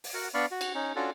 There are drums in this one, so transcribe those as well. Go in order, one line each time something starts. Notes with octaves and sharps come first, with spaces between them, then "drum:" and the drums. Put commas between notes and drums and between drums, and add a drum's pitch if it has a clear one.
drum: open hi-hat
F#4 A#4 F#5
B3 D4 D5 F5 B5 C#6
F#4
drum: cymbal
C#4 D#4
C#4 D4 F4 F#4 A4